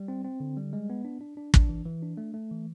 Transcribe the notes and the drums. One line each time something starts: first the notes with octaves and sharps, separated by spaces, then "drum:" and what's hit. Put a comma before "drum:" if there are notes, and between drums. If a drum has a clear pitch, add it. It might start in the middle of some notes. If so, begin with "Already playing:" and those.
Already playing: G3
C4
C4
D3
G3
G#3
B3
D4
D4
D4
D4, drum: kick
E3
E3
D4
A3
A3
E3